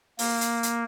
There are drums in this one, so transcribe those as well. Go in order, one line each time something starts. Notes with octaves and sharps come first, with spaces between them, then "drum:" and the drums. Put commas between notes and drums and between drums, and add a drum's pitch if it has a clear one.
A#3, drum: open hi-hat
drum: hi-hat
drum: hi-hat